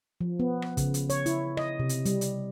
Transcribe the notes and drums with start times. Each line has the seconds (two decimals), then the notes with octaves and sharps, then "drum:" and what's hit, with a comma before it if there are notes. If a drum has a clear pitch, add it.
0.21 F3
0.40 B3
0.62 drum: rim click
0.77 C#3, drum: kick, hi-hat
0.94 drum: hi-hat
1.10 C#5, drum: hi-hat
1.26 E4, drum: hi-hat
1.57 D#5, drum: rim click
1.79 C3
1.89 drum: hi-hat
2.05 G3, drum: hi-hat
2.21 drum: hi-hat